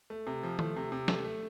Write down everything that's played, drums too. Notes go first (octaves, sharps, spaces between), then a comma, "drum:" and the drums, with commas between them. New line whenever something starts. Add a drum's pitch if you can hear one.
A3
C3
F3
A3, drum: tom D#3
C3
C3
A3, drum: snare
A3